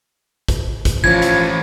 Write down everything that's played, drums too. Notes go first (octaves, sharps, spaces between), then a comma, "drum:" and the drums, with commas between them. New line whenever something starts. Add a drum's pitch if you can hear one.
drum: kick, hi-hat
drum: kick, hi-hat
E3 F3 C#4 G#6
drum: hi-hat